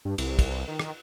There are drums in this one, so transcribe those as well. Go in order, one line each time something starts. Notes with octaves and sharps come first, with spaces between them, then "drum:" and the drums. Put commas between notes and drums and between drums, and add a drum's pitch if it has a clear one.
G2
C2, drum: cymbal
drum: kick, cymbal
D#3
drum: rim click